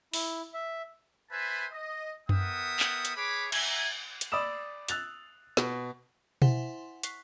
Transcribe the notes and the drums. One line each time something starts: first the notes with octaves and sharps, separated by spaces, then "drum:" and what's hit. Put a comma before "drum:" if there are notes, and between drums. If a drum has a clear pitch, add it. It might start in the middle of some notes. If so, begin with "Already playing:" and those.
E4, drum: open hi-hat
E5
B4 C5 E5 G#5 A5 B5
D#5
B3 A#4 E5 F#5 G5 D#6, drum: tom F#2
drum: clap
drum: hi-hat
G#4 B4 C#5 B5 D6
E5 G#5 A#5, drum: cymbal
drum: hi-hat
D5 B5 D#6 E6 E7
E6 F#6 A6 F7, drum: hi-hat
B2, drum: snare
E4 C5 E5 F#5 G#5 C6, drum: tom B2
C#6 F#6 B6 C7, drum: hi-hat